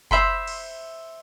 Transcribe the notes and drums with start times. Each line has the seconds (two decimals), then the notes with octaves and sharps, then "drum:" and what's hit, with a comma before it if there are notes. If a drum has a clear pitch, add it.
0.11 C5 E5 B5 C6, drum: kick F#1
0.47 drum: cymbal